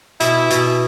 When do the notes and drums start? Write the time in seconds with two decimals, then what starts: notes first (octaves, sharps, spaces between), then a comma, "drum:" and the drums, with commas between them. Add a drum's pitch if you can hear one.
0.20 B2 E4, drum: hi-hat
0.50 B2, drum: hi-hat